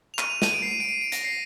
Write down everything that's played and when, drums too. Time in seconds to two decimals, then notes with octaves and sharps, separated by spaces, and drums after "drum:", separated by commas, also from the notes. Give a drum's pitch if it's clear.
0.14 F7
0.19 D#7, drum: clap
0.30 F7
0.42 D#7, drum: snare
0.54 D7
0.62 C7
0.71 D#7
0.80 D7
0.89 D#7
1.01 D7
1.12 A#6, drum: hi-hat
1.24 C7